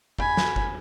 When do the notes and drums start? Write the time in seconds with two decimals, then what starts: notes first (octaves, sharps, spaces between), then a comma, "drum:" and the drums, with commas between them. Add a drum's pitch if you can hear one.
0.19 G#5 B5, drum: kick G1
0.37 drum: snare
0.56 drum: kick G1